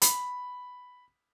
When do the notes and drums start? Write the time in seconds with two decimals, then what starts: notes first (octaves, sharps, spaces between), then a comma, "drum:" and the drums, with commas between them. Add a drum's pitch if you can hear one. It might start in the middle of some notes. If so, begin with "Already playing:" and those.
0.02 B5, drum: hi-hat